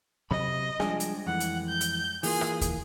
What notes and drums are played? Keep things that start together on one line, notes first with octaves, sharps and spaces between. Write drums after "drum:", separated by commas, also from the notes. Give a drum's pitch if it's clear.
C3 F#3 D#5 B5
F3 G3 G#3 D4 G#4, drum: rim click
drum: hi-hat
F2 E3 F#5
drum: hi-hat
G6
drum: hi-hat
E3 A#3 F4 G#4, drum: open hi-hat
drum: rim click
drum: kick, hi-hat